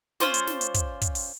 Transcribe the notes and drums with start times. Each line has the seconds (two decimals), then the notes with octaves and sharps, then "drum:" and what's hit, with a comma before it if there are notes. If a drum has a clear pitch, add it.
0.20 C#4 F4 C5 D5, drum: snare
0.34 drum: hi-hat
0.47 drum: snare
0.61 drum: hi-hat
0.74 drum: kick, hi-hat
1.01 drum: kick, hi-hat
1.15 drum: open hi-hat